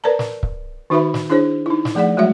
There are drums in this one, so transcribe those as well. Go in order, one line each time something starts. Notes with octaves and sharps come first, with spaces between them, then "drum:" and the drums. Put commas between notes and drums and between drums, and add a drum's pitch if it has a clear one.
A#4 B4 D5 A5 A#5
drum: snare
drum: kick C#1
D#3 D#4 F#4 B4 E5 B5
drum: snare
D4 E4 G#4 C5 C#5
D#4 E4
drum: snare
F3 A3 G#4 D5 F#5
F#3 G#3 A3 F#4 C#5 E5